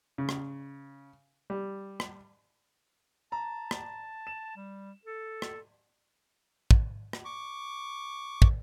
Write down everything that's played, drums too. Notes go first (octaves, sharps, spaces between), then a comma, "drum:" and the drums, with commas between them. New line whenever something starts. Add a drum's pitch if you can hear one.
C#3
drum: rim click
G3
drum: rim click
A5 A#5
drum: rim click
E7
G3
A4
drum: rim click
drum: kick
drum: rim click
C#6 D6
drum: kick